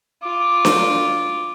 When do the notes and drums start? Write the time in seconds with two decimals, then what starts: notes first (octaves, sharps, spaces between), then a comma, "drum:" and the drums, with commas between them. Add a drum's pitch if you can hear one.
0.23 F4 D6
0.65 drum: snare D4